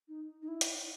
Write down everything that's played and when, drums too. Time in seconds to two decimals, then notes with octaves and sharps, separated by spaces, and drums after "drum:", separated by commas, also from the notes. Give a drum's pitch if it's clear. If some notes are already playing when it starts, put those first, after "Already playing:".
0.08 D#4
0.42 D#4
0.48 E4
0.61 drum: hi-hat